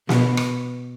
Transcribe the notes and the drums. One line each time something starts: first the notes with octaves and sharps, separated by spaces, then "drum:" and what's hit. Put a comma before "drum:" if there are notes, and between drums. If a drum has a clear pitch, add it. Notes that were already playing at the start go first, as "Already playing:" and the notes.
B2, drum: snare
drum: rim click